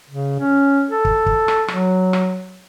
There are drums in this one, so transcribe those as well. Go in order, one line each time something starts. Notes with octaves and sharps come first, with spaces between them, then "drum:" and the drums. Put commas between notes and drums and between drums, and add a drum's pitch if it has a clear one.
C#3
C#4
A4
drum: kick
drum: kick
drum: rim click
F#3, drum: rim click
drum: rim click